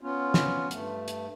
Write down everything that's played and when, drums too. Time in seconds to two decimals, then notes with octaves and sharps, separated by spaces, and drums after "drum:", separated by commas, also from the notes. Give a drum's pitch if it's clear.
0.01 B3 C#4 F4
0.34 drum: snare
0.71 G2 A3, drum: hi-hat
1.08 drum: hi-hat